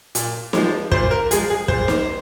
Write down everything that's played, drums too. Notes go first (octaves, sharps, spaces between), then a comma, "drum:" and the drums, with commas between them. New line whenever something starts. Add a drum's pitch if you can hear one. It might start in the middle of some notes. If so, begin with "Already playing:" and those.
A#2, drum: hi-hat
F3 G#3, drum: snare
A#2 C5, drum: kick
A#4
F3 G#3 G#4, drum: hi-hat
G#4
A#2 C5, drum: kick
drum: snare